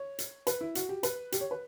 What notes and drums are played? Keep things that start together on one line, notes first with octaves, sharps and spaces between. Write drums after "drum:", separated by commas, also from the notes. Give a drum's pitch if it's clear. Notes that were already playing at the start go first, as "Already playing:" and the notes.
Already playing: C#5
drum: hi-hat
B4, drum: hi-hat
E4
F#4, drum: hi-hat
G4
B4, drum: hi-hat
G4, drum: hi-hat
C#5
B4